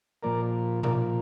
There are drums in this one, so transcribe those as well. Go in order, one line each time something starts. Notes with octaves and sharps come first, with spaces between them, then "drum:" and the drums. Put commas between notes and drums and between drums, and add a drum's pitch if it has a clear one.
A#2 F3 A#3 A#4 D5
A#2 F3 A#3 A#4 D5, drum: tom B2